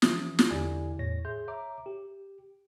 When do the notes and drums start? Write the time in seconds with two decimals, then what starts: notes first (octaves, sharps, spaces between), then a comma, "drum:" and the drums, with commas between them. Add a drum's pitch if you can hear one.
0.02 E3 F3 C4 C#4 E5 D#6, drum: snare
0.39 drum: snare
0.50 E2 D3 E4 G4 D5 G#5
0.99 E2 A2 C#5 A#6
1.25 G#4 E5 C6 G6
1.48 C#5 E5 A#5 D6
1.86 G4